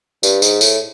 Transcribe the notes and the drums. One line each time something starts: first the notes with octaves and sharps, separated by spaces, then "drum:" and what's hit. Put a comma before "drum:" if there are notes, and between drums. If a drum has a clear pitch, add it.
G2, drum: tambourine
G#2, drum: tambourine
A2, drum: tambourine